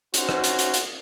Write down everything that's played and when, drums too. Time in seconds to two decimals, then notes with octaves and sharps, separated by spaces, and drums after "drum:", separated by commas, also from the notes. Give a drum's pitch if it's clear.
0.14 C#4 D#4 F#4 C5, drum: hi-hat
0.29 drum: rim click
0.44 drum: hi-hat
0.59 drum: hi-hat
0.74 drum: hi-hat